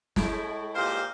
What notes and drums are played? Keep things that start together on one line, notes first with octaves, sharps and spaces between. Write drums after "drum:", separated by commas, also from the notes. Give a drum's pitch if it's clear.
A2 G#3 E4, drum: snare
A#2 G4 C5 F5